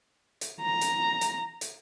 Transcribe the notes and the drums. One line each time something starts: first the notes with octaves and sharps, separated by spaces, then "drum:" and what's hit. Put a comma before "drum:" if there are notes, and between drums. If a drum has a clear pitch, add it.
drum: hi-hat
A#5
drum: hi-hat
drum: hi-hat
drum: hi-hat